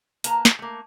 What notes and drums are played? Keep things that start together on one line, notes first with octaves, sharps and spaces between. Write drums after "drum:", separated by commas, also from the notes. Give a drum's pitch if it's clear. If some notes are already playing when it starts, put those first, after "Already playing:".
A#3 B4 A5 A#5, drum: hi-hat
drum: snare
A3 A#3